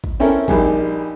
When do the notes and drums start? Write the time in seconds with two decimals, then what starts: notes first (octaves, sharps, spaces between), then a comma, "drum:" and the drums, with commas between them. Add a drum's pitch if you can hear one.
0.04 drum: kick G#1
0.20 C4 C#4 E4 A4 A#4
0.48 A#1 D#3 G3 G#4, drum: kick G#1